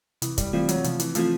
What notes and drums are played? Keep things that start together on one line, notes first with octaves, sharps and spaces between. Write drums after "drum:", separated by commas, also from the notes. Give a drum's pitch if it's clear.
C3 E3, drum: hi-hat
G3, drum: kick, hi-hat
E3 G3 A3 C4 F4
F#3, drum: hi-hat
C3 F3, drum: hi-hat
E3, drum: hi-hat
E3 F3 A3 C4 F4, drum: hi-hat